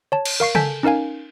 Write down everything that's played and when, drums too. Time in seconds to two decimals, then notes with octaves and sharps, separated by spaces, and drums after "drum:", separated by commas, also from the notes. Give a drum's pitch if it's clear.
0.12 C#5 A5
0.25 drum: cymbal
0.40 A#4 F5 C#6 C7
0.55 A4 G#5 A5 G6 B6, drum: tom C#3
0.83 C#4 D#4 A#4 F5 G#5